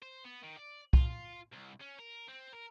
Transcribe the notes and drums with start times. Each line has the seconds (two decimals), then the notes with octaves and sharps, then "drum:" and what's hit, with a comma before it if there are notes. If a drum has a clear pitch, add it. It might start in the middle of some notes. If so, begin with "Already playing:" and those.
0.02 C5
0.24 B3
0.44 D#3
0.57 D5
0.93 F4, drum: kick C2
1.53 C2
1.81 C#4
1.99 A#4
2.28 C4
2.53 A#4